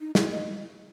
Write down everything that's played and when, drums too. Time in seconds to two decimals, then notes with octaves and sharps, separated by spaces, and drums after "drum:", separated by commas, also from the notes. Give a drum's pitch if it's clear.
0.01 D#4
0.15 E4, drum: snare
0.31 D#5